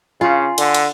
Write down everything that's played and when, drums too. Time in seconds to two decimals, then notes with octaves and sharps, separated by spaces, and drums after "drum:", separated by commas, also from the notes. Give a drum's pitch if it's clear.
0.21 C#3 F4 G#5 C6
0.58 D3, drum: cymbal
0.75 drum: cymbal